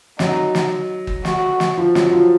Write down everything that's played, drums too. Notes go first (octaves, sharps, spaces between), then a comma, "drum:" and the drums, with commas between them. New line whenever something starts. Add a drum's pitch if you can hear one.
F#3 D#4, drum: snare
drum: snare
drum: kick G1
F#4, drum: snare
drum: snare
F3
F#3, drum: snare
F3